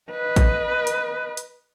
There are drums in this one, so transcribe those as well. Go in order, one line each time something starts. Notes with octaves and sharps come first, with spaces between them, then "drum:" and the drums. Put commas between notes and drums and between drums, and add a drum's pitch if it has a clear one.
B4 D#5
drum: kick A1, hi-hat
drum: hi-hat
drum: hi-hat